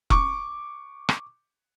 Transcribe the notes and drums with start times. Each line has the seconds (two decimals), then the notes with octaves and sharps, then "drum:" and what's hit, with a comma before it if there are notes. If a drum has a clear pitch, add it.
0.10 C#6 D6, drum: kick F1
1.09 drum: rim click